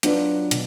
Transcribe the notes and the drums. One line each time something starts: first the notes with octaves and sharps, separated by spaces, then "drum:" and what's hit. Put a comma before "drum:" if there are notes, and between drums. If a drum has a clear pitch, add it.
F#3 D4 F4 B4 D5, drum: hi-hat
B2, drum: hi-hat